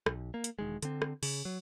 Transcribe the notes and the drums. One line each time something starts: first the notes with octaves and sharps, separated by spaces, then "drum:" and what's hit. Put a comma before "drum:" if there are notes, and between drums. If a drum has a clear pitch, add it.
B1, drum: rim click
A#3
drum: hi-hat
E1 D#3 G#3
D3 C4, drum: hi-hat
drum: rim click
C#3, drum: open hi-hat
F#3